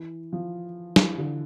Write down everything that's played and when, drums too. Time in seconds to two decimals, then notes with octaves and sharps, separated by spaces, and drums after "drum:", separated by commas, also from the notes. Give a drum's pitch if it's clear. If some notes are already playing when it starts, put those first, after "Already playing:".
Already playing: E3
0.33 F3
0.96 E3, drum: snare
1.18 D3